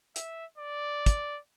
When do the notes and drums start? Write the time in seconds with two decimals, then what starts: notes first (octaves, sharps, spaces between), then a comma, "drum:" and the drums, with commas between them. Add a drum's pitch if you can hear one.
0.16 E5, drum: hi-hat
0.58 D5
1.06 drum: kick, hi-hat